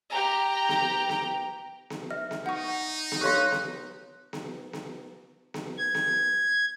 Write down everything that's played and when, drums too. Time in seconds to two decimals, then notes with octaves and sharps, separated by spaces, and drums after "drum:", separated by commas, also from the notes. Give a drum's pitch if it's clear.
0.11 G4 G5 A#5
0.69 drum: snare B3
1.09 drum: snare B3
1.90 drum: snare B3
2.10 E5 F6
2.31 drum: snare B3
2.46 D#4 F#5 C#6
3.12 drum: snare B3
3.21 G4 A4 C#5 F5 C6 F#6
3.52 drum: snare B3
4.33 drum: snare B3
4.73 drum: snare B3
5.54 drum: snare B3
5.78 G#6
5.95 drum: snare B3